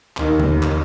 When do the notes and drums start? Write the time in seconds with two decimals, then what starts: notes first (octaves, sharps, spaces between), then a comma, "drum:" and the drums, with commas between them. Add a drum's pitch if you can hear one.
0.17 D#2 D#3, drum: clap
0.40 drum: tom
0.63 drum: clap